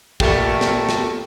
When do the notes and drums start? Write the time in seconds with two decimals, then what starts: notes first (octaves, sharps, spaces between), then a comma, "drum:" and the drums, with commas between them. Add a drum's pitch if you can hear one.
0.20 A#2 A3 G4, drum: kick
0.61 drum: snare
0.89 drum: snare